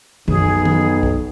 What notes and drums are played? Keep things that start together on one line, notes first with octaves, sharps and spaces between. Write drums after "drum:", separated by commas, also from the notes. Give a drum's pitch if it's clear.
B1 F#2 B2 G#4, drum: tom
drum: tom
drum: kick A#1